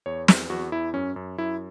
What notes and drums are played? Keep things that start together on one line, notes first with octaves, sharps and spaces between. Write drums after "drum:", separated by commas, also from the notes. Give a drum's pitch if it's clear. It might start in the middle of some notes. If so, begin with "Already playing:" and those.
E2 C#5
E2, drum: snare
E2 F#4
E2 E4
F#2 C#4
F#2
F#2 E4